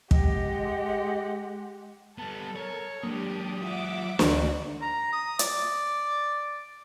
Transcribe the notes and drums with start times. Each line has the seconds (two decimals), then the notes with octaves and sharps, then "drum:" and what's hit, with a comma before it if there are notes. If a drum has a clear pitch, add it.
0.11 G#3 G4 D#5 F#5, drum: kick
2.18 G3 B3 A4 A5
2.56 A#4 C#5
3.03 F#3 G#3 A#3 D4 G4 D#6
3.63 F4 E5 F#5 D6
4.19 D2 D3 F#4 C5, drum: snare
4.82 A#5
5.12 D#6
5.39 D5, drum: hi-hat